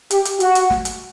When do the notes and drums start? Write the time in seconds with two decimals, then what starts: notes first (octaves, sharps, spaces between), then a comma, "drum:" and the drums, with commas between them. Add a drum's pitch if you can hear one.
0.11 G4, drum: hi-hat
0.25 drum: hi-hat
0.40 F#4, drum: hi-hat
0.55 drum: hi-hat
0.70 drum: snare
0.85 drum: hi-hat